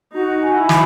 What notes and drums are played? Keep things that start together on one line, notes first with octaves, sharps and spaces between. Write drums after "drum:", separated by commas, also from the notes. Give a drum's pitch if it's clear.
D#4 F#4
G#5
E4
B5, drum: snare